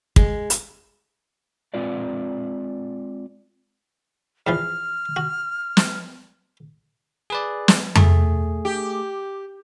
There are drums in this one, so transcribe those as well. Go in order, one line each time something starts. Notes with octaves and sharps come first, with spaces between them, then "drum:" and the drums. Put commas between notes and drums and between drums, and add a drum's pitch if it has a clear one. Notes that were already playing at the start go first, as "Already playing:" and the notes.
G#3, drum: kick
drum: hi-hat
G#3 C4 F4 B4 D5
E2 E3 F3 F6
F#4
drum: snare
G#4 B4 D5
drum: snare
A3 G#4, drum: tom F2
G4